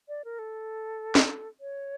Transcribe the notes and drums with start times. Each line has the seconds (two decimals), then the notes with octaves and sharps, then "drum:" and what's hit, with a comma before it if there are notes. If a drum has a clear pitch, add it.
0.08 D5
0.25 A#4
0.39 A4
1.15 drum: snare
1.61 C#5